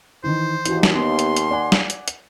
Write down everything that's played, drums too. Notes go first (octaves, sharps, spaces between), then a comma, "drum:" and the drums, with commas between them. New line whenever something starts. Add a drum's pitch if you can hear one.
D#3 E3 C5
D#2 E3 F#4, drum: hi-hat
drum: snare
B3 C6
drum: hi-hat
drum: hi-hat
D5 F#5 G#5
drum: snare
drum: hi-hat
drum: hi-hat